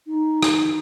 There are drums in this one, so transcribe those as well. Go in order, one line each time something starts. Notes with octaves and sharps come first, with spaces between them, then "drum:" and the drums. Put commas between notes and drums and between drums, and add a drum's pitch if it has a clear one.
D#4
drum: rim click